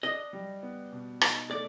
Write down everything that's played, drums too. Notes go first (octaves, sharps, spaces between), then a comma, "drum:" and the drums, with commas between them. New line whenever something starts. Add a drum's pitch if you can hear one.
D4 D#5
G3
B3
B2
D#4, drum: rim click
A3 D5